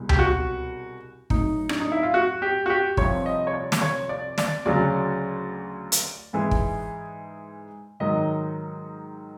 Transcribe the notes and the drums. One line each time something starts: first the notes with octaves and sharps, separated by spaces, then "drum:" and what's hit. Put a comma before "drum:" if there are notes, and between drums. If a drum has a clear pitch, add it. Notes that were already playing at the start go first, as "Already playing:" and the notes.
Already playing: C2 B2 G#3
G4, drum: tom C#2
F#4
A2 F#3 D#4, drum: kick
D4, drum: rim click
D#4
E4
F4
F#4
G4
F#4
G4
C2 C3 F3 C#5, drum: kick
D#5
C#5
D5
drum: snare
C#5
D5
D5, drum: snare
D2 C#3 F#3 D5
drum: hi-hat
G#2 E3 G#3
drum: kick
G#2 D#3 F#3 D#5